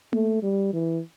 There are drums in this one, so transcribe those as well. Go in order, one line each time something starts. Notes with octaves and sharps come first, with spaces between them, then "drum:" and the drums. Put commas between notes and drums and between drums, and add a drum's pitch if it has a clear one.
A3, drum: tom A#3
G3
E3